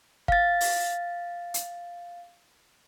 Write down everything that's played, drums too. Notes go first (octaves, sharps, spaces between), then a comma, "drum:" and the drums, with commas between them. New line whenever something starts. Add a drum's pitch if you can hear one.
F5 A6, drum: kick
drum: open hi-hat
drum: hi-hat